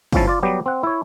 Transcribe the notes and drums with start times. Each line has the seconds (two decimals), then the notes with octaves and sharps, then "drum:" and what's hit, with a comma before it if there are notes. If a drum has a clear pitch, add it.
0.12 G1 G#2 F3 C#4 E4 A5, drum: kick, open hi-hat
0.27 F4 D5
0.43 F#3 G3 B3 G4
0.66 C4 F#5
0.83 E4 C#5